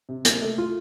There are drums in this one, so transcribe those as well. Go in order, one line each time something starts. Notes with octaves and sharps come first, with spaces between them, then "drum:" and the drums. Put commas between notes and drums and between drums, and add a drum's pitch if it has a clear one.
C3
A#3, drum: hi-hat
A3
F4